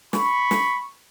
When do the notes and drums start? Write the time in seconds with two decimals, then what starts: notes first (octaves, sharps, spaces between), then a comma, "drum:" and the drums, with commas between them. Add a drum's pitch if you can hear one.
0.13 B5 C#6, drum: snare
0.51 drum: snare